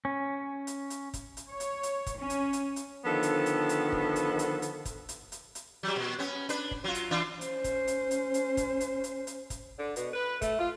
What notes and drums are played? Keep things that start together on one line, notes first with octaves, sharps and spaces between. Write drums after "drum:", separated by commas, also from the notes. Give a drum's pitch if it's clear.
C#4
drum: hi-hat
drum: hi-hat
drum: kick, hi-hat
drum: hi-hat
C#5
drum: hi-hat
drum: hi-hat
drum: kick, hi-hat
C#4
drum: hi-hat
drum: hi-hat
drum: hi-hat
D3 D#3 F3 B3 A4
drum: hi-hat
drum: hi-hat
drum: hi-hat
drum: kick
drum: hi-hat
drum: hi-hat
drum: hi-hat
drum: kick, hi-hat
drum: hi-hat
drum: hi-hat
drum: hi-hat
F#3 G3
A#2
B3 C#4
D4 B4, drum: hi-hat
drum: kick
F#3 F4
drum: hi-hat
E3 D4 F4
C#4 C5, drum: hi-hat
drum: kick, hi-hat
drum: hi-hat
drum: hi-hat
drum: hi-hat
drum: kick, hi-hat
drum: hi-hat
drum: hi-hat
drum: hi-hat
drum: kick, hi-hat
D3
B2, drum: hi-hat
B4
A3, drum: kick, hi-hat
F4